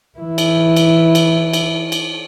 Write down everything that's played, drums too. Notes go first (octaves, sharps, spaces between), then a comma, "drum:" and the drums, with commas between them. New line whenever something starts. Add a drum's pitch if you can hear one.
E3 E4
drum: cymbal
drum: cymbal
drum: cymbal
drum: cymbal
drum: cymbal